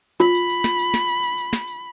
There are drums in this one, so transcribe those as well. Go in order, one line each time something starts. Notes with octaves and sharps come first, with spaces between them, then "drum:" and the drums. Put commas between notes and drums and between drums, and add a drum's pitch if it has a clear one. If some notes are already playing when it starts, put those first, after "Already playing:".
F4 B5, drum: tambourine
drum: tambourine
drum: tambourine
drum: snare
drum: tambourine
drum: snare
drum: tambourine
drum: tambourine
drum: tambourine
drum: snare
drum: tambourine